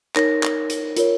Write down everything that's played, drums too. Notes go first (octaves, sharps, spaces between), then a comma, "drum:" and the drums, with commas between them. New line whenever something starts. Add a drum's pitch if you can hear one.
D#4 A#4 C#5 A#6, drum: clap
drum: clap
drum: hi-hat
F4 A#4 C#5, drum: hi-hat